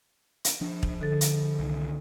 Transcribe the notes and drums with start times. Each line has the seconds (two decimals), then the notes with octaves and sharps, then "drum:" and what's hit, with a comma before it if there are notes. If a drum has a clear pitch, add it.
0.44 drum: hi-hat
0.61 F3 D4
0.83 drum: kick
1.01 D3 A4 A6
1.21 drum: hi-hat
1.59 C2 D#3